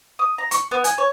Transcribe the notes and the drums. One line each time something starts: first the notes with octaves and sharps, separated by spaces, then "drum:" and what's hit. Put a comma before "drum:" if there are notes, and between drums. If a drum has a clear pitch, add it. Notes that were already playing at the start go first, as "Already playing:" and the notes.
D#6
A#5
C#6, drum: hi-hat
B3
G#5, drum: hi-hat
C#5